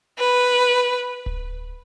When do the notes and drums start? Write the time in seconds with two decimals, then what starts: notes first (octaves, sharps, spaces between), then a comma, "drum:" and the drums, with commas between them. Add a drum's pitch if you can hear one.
0.19 B4
1.26 drum: kick D1